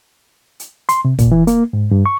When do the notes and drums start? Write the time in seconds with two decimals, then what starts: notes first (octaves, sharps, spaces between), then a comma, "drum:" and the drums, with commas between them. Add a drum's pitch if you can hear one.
0.60 drum: hi-hat
0.89 C6, drum: hi-hat
1.05 C3
1.19 A#2, drum: kick, hi-hat
1.32 E3
1.47 A#3, drum: hi-hat
1.73 G#2
1.91 G2
2.06 C#6